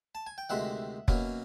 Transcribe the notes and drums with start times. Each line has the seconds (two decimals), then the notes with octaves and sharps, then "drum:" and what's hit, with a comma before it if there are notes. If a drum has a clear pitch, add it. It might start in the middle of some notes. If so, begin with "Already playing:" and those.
0.15 A5
0.27 G#5
0.38 G5
0.49 D2 C3 D#3 G#3 E5 F#5
1.08 B2 F#3 A#3 C#4, drum: kick F1